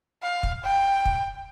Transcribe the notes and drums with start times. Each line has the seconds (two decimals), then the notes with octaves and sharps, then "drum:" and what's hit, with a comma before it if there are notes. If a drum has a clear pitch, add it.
0.23 F5
0.43 drum: kick
0.64 G5
1.05 drum: kick